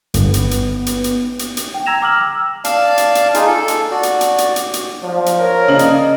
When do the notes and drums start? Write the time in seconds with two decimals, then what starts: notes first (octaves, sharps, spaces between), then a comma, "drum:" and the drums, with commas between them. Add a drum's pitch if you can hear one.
0.14 G1 B3, drum: hi-hat
0.34 drum: hi-hat
0.51 drum: hi-hat
0.86 drum: hi-hat
1.04 drum: hi-hat
1.39 drum: hi-hat
1.57 drum: hi-hat
1.74 G5
1.86 A#5 E6 G#6 A#6 E7 F7
2.01 G5 D6 F6 F#7
2.21 E6
2.64 D5 F5 A5, drum: hi-hat
2.98 drum: hi-hat
3.15 drum: hi-hat
3.34 D#4 F4 G#4, drum: hi-hat
3.47 A4
3.68 drum: hi-hat
3.91 F#4 D5
4.03 drum: hi-hat
4.21 drum: hi-hat
4.38 drum: hi-hat
4.56 drum: hi-hat
4.74 drum: hi-hat
5.03 F3 D5
5.26 drum: hi-hat
5.39 A#4 C#5
5.68 C#3 A#3 D5 D#5 F#7
5.79 drum: hi-hat